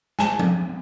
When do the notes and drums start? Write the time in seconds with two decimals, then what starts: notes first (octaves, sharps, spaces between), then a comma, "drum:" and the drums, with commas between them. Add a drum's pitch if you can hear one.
0.19 G#5 A5, drum: snare
0.39 drum: tom F3